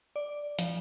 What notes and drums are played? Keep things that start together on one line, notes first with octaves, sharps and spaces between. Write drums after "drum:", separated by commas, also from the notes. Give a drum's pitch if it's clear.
D5
F3, drum: hi-hat